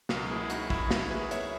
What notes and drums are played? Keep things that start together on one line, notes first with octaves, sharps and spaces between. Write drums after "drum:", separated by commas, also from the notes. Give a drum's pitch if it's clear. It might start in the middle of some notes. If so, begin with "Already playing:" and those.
C#2 B2 F#3 A#3 F#4 A#4, drum: snare
E4 G#4
E4
D#4 F#4, drum: hi-hat
E4, drum: kick
E4, drum: snare
G#4 B4
C#5 E5, drum: hi-hat